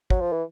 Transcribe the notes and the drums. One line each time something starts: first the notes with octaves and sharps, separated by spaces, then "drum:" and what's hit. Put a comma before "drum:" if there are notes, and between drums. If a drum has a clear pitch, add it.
F#3, drum: kick
F3
E3